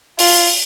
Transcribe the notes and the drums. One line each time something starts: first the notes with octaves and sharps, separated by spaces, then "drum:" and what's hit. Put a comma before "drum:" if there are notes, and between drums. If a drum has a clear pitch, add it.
F4, drum: open hi-hat